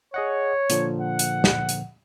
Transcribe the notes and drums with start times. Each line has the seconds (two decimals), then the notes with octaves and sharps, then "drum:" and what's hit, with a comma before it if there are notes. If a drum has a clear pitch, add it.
0.14 G#4 C#5 D#5 F#5
0.70 A#2 D3 F3, drum: hi-hat
1.01 F#5
1.19 drum: hi-hat
1.44 drum: snare
1.69 drum: hi-hat